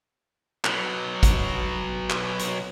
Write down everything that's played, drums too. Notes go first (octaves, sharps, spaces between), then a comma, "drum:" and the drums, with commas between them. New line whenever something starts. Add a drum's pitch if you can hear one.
B2 F#3, drum: clap
drum: kick, hi-hat
drum: clap
drum: hi-hat